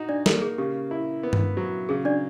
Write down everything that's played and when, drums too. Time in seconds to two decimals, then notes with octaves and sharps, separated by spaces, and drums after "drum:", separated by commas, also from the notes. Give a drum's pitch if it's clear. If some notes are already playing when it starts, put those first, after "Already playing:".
Already playing: D#4 F#4
0.09 D4 D5
0.26 A#3 A4, drum: snare
0.42 G#4
0.58 C#3 G4
0.91 E4
1.23 B3
1.33 drum: tom G2
1.57 F#3
1.89 C#3 G#4
2.05 D4 D5